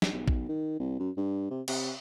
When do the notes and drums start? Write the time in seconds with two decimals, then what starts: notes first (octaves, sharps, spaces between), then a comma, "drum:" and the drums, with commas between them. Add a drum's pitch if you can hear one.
0.02 drum: snare
0.12 B1
0.28 drum: kick A1
0.49 D#3
0.79 C2
0.99 F#2
1.17 G2
1.50 C3
1.68 C3, drum: cymbal